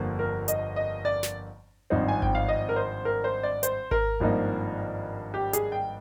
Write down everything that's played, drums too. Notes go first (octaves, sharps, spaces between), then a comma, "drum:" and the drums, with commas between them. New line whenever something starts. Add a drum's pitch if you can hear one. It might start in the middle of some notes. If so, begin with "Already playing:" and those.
Already playing: G1 F2 D3 F3 A#3
A#4
D#5, drum: hi-hat
D#5
D5
drum: snare
G#1 G2 F3 C4 D#4
G#5
G5, drum: kick G#1
F5
D#5
A#4
C5
A#4
C5
D5
C5, drum: hi-hat
A#4, drum: kick G#1
G#1 G2 F3 A#3 D#4
G4
G#4, drum: hi-hat
G5